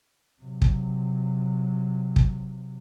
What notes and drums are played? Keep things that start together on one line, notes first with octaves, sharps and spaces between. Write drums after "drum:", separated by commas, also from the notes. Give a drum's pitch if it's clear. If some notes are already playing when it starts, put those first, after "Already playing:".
C3 F#3
drum: kick
drum: kick